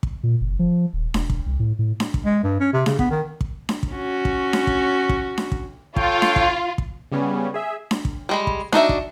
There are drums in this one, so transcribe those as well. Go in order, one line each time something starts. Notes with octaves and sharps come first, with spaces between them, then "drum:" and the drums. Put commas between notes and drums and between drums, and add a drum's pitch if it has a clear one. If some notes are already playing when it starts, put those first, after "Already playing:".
drum: kick
A#2
F#1
F3
D#1
E1, drum: snare D4
drum: kick
C2
A2
A2
drum: snare D4
drum: kick
G#3
G2
C#4
C3
C#3, drum: snare D4
B3, drum: kick
D#3
drum: kick
drum: snare D4
drum: kick
C#4 F#4
drum: kick
drum: snare D4
drum: kick
drum: kick
drum: snare D4
drum: kick
F4 A4 C#5 G5, drum: kick
drum: snare D4
drum: kick
drum: kick
C#3 G3 B3 C#4
G#4 E5
drum: snare D4
drum: kick
G3 G#3 B5
drum: kick
D4 D#4 F#4 E5, drum: snare D4
drum: kick